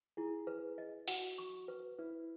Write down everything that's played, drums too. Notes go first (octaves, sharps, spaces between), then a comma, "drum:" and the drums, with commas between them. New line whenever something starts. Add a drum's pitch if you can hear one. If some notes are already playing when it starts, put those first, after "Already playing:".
E4 G#4
B4
D#5
F#4 F#5, drum: open hi-hat
C#6
B4
E4 B4